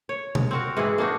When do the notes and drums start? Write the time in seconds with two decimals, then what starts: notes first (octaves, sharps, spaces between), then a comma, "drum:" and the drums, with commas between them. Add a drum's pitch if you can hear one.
0.09 C#5
0.35 drum: tom B2
0.51 C4 F#4 A#4
0.77 G#2 E3 E4 G#4
0.98 A#3 D4 D#4 F#4